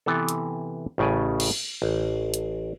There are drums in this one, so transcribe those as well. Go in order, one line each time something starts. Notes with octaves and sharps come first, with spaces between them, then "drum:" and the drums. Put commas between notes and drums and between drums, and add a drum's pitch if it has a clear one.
C3 E3 B3 A4
drum: hi-hat
A1 A2 C#3 D5 G#5
drum: cymbal
A1
drum: hi-hat